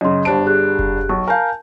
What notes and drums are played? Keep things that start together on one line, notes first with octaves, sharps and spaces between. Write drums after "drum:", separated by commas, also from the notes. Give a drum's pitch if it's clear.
F#2 C#3 D#5 C6
G1 D4 G4 C5 A5 D7
G4 G#4 F#6
drum: kick F1
B1 C#6
A#4 F5 G#5 A5 G6